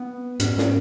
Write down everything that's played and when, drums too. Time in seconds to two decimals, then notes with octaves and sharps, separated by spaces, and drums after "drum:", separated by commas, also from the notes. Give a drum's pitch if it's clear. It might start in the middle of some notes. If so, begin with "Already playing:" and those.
Already playing: B3
0.40 G#2 C#4, drum: hi-hat
0.58 drum: snare